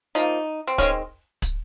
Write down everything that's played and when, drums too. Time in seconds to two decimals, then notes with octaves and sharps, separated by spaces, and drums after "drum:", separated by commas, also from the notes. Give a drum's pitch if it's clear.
0.15 F3 A#3 D#4, drum: hi-hat
0.67 C4
0.78 D#3 G#3 C4 C#4, drum: kick, hi-hat
1.42 drum: kick, hi-hat